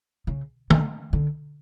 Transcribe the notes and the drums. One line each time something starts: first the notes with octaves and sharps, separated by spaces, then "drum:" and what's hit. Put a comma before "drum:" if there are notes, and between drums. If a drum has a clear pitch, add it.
C#3
D3, drum: tom
D3